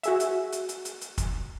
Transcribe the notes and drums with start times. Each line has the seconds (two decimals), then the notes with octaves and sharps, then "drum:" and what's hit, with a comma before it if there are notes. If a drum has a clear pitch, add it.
0.03 F#4 G#4 E5, drum: hi-hat
0.20 drum: hi-hat
0.52 drum: hi-hat
0.69 drum: hi-hat
0.85 drum: hi-hat
1.01 drum: hi-hat
1.18 drum: kick, hi-hat